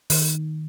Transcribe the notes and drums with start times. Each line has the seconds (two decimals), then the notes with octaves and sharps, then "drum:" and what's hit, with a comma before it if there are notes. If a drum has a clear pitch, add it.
0.10 D#3, drum: open hi-hat